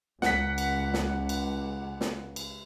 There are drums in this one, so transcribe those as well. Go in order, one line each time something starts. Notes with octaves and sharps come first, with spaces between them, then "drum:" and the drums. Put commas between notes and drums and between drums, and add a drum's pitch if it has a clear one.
C#2 F#5 B6, drum: snare
drum: cymbal
drum: snare
drum: cymbal
drum: snare
drum: cymbal